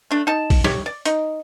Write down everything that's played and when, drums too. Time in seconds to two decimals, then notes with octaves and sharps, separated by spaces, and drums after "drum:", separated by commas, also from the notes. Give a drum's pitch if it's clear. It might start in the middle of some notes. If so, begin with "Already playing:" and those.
0.11 A3 D4
0.27 D#4 A5
0.50 drum: kick, open hi-hat
0.64 G4 C#5, drum: snare
0.86 D5
1.06 D#4, drum: hi-hat